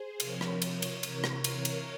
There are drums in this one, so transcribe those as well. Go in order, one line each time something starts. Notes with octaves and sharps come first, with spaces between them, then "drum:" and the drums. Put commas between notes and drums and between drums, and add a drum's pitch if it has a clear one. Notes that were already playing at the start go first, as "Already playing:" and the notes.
Already playing: G#4 C5
C3 F3 A#4 C#5, drum: cymbal
drum: rim click
drum: cymbal
drum: cymbal
C3 E3, drum: cymbal
drum: rim click
drum: cymbal
drum: cymbal